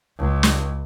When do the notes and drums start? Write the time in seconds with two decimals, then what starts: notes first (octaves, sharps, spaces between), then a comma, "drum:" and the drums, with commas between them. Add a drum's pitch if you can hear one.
0.18 C#2
0.43 drum: snare